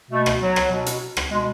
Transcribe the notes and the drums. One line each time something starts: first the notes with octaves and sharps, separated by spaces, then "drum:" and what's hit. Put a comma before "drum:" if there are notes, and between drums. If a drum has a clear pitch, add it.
B2 A3
drum: rim click
F#3
drum: rim click
B2
drum: hi-hat
drum: rim click
B2 G#3